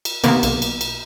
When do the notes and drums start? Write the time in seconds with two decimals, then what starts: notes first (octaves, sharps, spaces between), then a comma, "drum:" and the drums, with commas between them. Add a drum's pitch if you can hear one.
0.05 drum: cymbal
0.24 C3 D#3 A#3 B3, drum: cymbal
0.43 B1, drum: cymbal
0.62 drum: cymbal
0.81 drum: cymbal